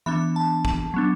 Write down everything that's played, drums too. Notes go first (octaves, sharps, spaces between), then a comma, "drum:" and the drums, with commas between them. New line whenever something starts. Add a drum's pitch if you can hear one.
E3 B3 D4 B5
A5
A5, drum: kick
F#3 B3 D4